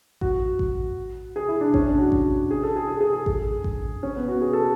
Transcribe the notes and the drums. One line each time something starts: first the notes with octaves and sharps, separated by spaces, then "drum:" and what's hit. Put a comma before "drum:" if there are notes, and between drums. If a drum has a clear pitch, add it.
F#4, drum: kick A1
drum: kick A1
G#4
E4
D4
C#4, drum: kick A1
D4
F#4
drum: kick A1
G#4
A4
G#4
G#4
G#4
G#4
drum: kick A1
drum: kick A1
C#4
B3
F#4
G#4
A4